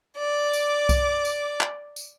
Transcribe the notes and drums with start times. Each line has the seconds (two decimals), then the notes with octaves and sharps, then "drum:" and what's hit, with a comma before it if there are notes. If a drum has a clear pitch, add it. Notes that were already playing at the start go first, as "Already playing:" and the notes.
0.18 D5 D6
0.53 drum: tambourine
0.89 drum: kick C2, tambourine
1.25 drum: tambourine
1.61 drum: clap
1.96 drum: tambourine